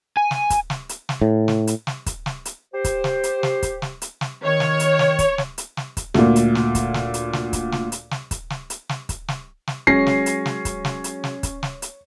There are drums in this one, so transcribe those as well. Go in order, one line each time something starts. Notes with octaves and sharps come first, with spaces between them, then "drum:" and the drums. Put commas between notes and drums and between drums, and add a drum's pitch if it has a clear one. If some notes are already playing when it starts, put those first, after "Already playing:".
G#5
drum: snare
drum: kick, hi-hat
drum: snare
drum: hi-hat
drum: snare
A2
drum: snare
drum: hi-hat
drum: snare
drum: kick, hi-hat
drum: snare
drum: hi-hat
G4 C5
drum: kick, hi-hat
drum: snare
drum: hi-hat
drum: snare
drum: kick, hi-hat
drum: snare
drum: hi-hat
drum: snare
D#3 C#5
drum: snare
drum: hi-hat
drum: snare
drum: kick, hi-hat
drum: snare
drum: hi-hat
drum: snare
drum: kick, hi-hat
D2 A#2, drum: snare
drum: hi-hat
drum: snare
drum: kick, hi-hat
drum: snare
drum: hi-hat
drum: snare
drum: kick, hi-hat
drum: snare
drum: hi-hat
drum: snare
drum: kick, hi-hat
drum: snare
drum: hi-hat
drum: snare
drum: kick, hi-hat
drum: snare
drum: snare
F#3 G#3 C#4 C#5 A#6 C7, drum: kick
drum: snare
drum: hi-hat
drum: snare
drum: kick, hi-hat
drum: snare
drum: hi-hat
drum: snare
drum: kick, hi-hat
drum: snare
drum: hi-hat